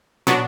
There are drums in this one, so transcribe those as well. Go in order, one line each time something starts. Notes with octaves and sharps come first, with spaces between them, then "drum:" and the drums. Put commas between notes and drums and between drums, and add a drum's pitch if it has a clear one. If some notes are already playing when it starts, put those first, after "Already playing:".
F#3 B3 D4 F#4, drum: tom